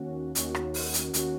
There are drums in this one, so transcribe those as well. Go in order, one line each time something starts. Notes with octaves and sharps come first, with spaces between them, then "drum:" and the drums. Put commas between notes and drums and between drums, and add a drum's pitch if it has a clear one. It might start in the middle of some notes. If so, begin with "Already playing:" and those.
Already playing: D#2 D#3 A#3 C#4 F#4
D#2 D#3 A#3 C#4 F#4, drum: hi-hat
drum: rim click
drum: open hi-hat
drum: hi-hat
D#2 D#3 A#3 C#4 F#4, drum: hi-hat